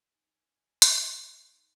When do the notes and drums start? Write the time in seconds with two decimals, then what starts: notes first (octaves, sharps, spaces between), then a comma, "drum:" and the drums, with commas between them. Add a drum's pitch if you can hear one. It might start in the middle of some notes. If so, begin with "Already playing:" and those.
0.13 D#4 G#5
0.82 D4, drum: hi-hat
1.50 D#4